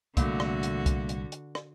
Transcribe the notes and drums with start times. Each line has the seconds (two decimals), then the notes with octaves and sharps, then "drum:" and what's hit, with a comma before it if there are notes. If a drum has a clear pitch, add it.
0.17 C2 A#2 D3 A3 A#3 F#4, drum: kick, hi-hat
0.40 drum: rim click
0.63 drum: hi-hat
0.86 drum: kick, hi-hat
1.09 drum: hi-hat
1.32 drum: hi-hat
1.55 drum: rim click